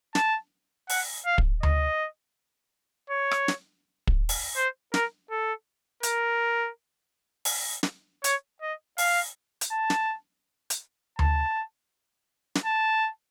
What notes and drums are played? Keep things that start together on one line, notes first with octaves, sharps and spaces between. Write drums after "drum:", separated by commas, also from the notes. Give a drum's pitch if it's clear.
A5, drum: snare
F#5, drum: open hi-hat
F5
drum: kick
D#5, drum: tom D2
C#5
drum: rim click
drum: snare
drum: kick
drum: open hi-hat
C5
A#4, drum: snare
A4
A#4, drum: hi-hat
drum: open hi-hat
drum: snare
C#5, drum: hi-hat
D#5
F5, drum: open hi-hat
drum: hi-hat
A5
drum: snare
drum: hi-hat
A5, drum: tom D2
drum: snare
A5